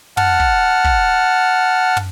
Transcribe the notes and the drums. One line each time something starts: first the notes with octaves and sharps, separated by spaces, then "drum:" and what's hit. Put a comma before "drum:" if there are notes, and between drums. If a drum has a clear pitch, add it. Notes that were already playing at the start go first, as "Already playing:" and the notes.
F#5 A5 F6, drum: tom
drum: kick
drum: kick
drum: tom